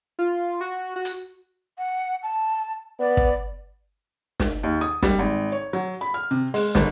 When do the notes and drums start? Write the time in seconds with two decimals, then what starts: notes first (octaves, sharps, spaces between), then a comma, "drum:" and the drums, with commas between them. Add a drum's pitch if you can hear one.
0.19 F4
0.61 F#4
0.96 F#4
1.05 drum: hi-hat
1.78 F#5
2.23 A5
3.00 B3 D5
3.17 drum: kick
4.40 drum: snare
4.63 D#2
4.81 D#6
5.03 G3, drum: snare
5.19 G#1
5.52 C#5
5.73 F#3
6.01 B5
6.14 F6
6.31 C3
6.54 G#3, drum: open hi-hat
6.75 G1, drum: snare